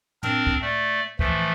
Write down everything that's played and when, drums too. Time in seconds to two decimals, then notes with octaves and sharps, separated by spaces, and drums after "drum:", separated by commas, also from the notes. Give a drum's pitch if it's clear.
0.23 C4 D4 A#4, drum: tom
0.47 drum: kick
0.62 A3 D5
1.19 E3 F3 A3, drum: kick